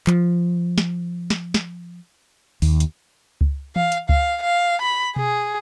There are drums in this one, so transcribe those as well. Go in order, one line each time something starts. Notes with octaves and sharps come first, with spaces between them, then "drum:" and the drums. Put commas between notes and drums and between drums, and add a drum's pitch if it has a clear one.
F3, drum: clap
drum: snare
drum: snare
drum: snare
D#2, drum: open hi-hat
drum: hi-hat
drum: kick C#2
F5, drum: tom E3
drum: hi-hat
F5, drum: kick C#2
F5
B5
G#4, drum: tom B2